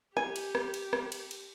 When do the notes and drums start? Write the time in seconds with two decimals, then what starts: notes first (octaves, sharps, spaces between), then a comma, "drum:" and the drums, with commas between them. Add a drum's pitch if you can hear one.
0.17 G4 G#5, drum: rim click
0.36 drum: cymbal
0.55 drum: rim click
0.74 drum: cymbal
0.93 drum: rim click
1.12 drum: cymbal
1.31 drum: cymbal